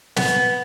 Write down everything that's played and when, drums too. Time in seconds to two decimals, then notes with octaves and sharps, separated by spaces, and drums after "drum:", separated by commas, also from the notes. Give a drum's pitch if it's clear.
0.16 B3, drum: snare